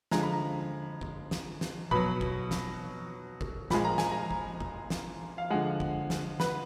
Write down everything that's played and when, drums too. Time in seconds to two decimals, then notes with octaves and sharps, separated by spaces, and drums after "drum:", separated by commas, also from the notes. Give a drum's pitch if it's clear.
0.11 D3 F3 G#3 A#5, drum: snare
0.23 B5
0.33 A#5
1.01 drum: kick G1
1.31 drum: snare
1.61 drum: snare
1.91 B2 F#3 B5, drum: kick G1
2.21 drum: kick G1
2.51 drum: snare
3.41 drum: kick G1
3.70 A#2 F3 G#3 B5, drum: snare
3.85 A#5
3.98 G#5, drum: snare
4.11 A#5
4.31 drum: kick G1
4.60 drum: kick G1
4.90 drum: snare
5.38 F5
5.50 D3 F3 G#3 F#5
5.80 drum: kick G1
6.10 drum: snare
6.40 B4, drum: snare